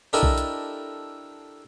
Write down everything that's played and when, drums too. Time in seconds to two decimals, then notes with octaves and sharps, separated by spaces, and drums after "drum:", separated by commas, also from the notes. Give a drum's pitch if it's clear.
0.13 D4 E4 G4 A4 A#4 D#5
0.23 drum: kick B1
0.38 drum: hi-hat